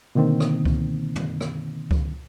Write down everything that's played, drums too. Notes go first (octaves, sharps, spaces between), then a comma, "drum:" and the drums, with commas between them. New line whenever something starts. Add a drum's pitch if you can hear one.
B2 D3 D#3 A#3 C4
drum: rim click
drum: kick C#2
drum: tom
drum: rim click
drum: kick C#2